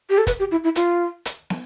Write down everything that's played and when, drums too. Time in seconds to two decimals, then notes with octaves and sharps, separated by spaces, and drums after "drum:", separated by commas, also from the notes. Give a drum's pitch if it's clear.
0.10 G4
0.18 A4
0.27 B4, drum: kick, hi-hat
0.39 G4
0.51 E4
0.64 E4
0.76 F4, drum: hi-hat
1.25 drum: hi-hat
1.50 drum: snare